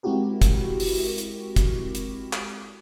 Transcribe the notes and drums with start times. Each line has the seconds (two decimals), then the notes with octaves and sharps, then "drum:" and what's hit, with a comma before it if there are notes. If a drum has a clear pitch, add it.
0.03 G#3 C4 E4 F#4 G4 A#4
0.42 drum: kick, hi-hat
0.80 drum: open hi-hat
1.18 drum: hi-hat
1.56 drum: kick, hi-hat
1.95 drum: hi-hat
2.33 drum: clap